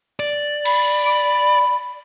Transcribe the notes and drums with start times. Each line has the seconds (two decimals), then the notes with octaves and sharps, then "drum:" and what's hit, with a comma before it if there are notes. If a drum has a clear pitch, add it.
0.20 D5
0.65 B5, drum: cymbal